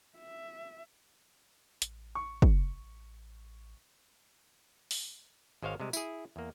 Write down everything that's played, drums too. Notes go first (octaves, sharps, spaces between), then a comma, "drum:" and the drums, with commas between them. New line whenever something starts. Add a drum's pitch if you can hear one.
E5
A1, drum: hi-hat
C#6
drum: kick
drum: open hi-hat
G#1 G#3 C5 C#5 F5
C3 G3 G#3
E4 G#4, drum: tambourine
E2 A#3